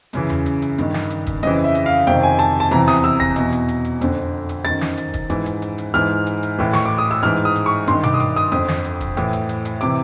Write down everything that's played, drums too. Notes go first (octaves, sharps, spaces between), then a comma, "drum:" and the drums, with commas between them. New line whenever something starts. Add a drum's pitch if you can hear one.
F#2 C#3 E3, drum: hi-hat
drum: tom E2
drum: hi-hat
drum: hi-hat
G2 D#3, drum: hi-hat
drum: snare
drum: hi-hat
drum: kick, hi-hat
F2 C#3 E3 D#5, drum: hi-hat
E5
drum: hi-hat
F5
F2 C3 D#3 G5, drum: hi-hat
G#5
A5, drum: hi-hat
A5
E2 C3 E3 A#5, drum: hi-hat
D#6, drum: snare
E6, drum: hi-hat
A#6, drum: kick
E2 B2, drum: hi-hat
drum: hi-hat
drum: hi-hat
drum: hi-hat
F2 D3, drum: hi-hat
drum: hi-hat
F#2 D#3 A6, drum: hi-hat
drum: snare
drum: hi-hat
drum: kick, hi-hat
G#2 E3, drum: hi-hat
drum: hi-hat
drum: hi-hat
drum: hi-hat
G#2 E3 F6, drum: hi-hat
drum: hi-hat
drum: hi-hat
A2 E3
C#6, drum: snare
D6
D#6
E6
G#2 E3 F6, drum: hi-hat
D#6
drum: hi-hat
C#6
G2 D#3 C6, drum: hi-hat
D6, drum: tom B2
D#6
D6, drum: hi-hat
D#6, drum: hi-hat
F2 D3 D#6, drum: hi-hat
drum: snare
drum: hi-hat
drum: kick, hi-hat
A2 E3, drum: hi-hat
drum: hi-hat
drum: hi-hat
drum: hi-hat
C3 E3 D6, drum: hi-hat